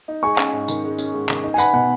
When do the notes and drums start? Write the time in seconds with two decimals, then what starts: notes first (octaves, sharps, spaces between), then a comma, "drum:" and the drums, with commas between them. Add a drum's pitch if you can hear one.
0.08 D#4
0.23 G#3 G#5 C#6
0.38 C#4, drum: clap
0.53 G#2
0.68 D#3, drum: tambourine
0.84 G#3
0.99 C#4, drum: tambourine
1.14 G#2
1.29 D#3, drum: clap
1.43 D#4
1.54 G#5
1.58 B4 F#5 B5, drum: tambourine
1.73 B2 F#5